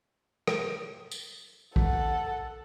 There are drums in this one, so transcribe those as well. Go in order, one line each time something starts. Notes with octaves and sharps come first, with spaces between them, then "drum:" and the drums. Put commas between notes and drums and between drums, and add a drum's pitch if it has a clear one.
drum: rim click
drum: tambourine
A4 F#5, drum: kick